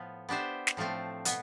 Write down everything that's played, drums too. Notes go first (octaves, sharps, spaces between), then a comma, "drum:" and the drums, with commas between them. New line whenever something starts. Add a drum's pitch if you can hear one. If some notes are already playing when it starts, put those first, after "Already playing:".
Already playing: A2 F3 B3
B3 D4 G4 C5 E5
drum: snare
A2 F3 A3 C4
B2 B3, drum: hi-hat